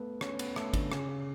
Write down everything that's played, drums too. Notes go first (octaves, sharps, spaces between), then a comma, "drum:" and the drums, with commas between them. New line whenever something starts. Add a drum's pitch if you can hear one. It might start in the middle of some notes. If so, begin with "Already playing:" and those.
Already playing: A3 B3 A4 B4
C#4 C#5, drum: rim click
B3 B4, drum: cymbal
A3 A4, drum: rim click
D3 D4, drum: kick G#1, cymbal
C#3 C#4, drum: rim click
C#3 C#4